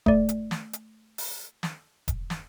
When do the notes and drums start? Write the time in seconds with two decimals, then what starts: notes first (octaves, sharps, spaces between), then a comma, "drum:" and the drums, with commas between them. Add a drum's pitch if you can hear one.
0.06 A3 D5, drum: kick E1
0.29 drum: hi-hat
0.51 drum: snare
0.73 drum: hi-hat
1.18 drum: open hi-hat
1.63 drum: snare
2.08 drum: kick E1, hi-hat
2.30 drum: snare